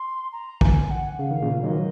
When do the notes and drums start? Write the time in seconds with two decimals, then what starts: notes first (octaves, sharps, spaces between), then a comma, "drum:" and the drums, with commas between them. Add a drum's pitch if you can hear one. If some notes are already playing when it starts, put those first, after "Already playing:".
Already playing: C6
0.32 A#5
0.61 G#5, drum: kick
0.91 F#5
1.19 C#3 F5
1.31 D#3
1.42 A#2 C#3
1.63 D#3 F#3 D#5